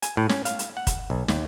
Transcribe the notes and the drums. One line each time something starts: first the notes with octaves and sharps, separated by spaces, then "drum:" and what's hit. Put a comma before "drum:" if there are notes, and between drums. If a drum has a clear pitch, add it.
G#5, drum: hi-hat
A2
C#4, drum: snare
F5, drum: hi-hat
drum: hi-hat
F#5
drum: kick, hi-hat
B1
D#2, drum: snare